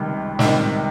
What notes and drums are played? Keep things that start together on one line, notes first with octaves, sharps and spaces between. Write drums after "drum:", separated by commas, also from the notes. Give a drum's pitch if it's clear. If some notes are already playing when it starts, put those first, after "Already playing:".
Already playing: C#2 C3 D#3 G3
C#2 C3 D#3 G3, drum: snare